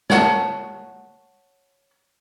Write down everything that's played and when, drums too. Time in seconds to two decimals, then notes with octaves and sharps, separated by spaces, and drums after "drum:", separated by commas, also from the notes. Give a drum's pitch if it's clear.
0.10 C#5 F#5 A5, drum: snare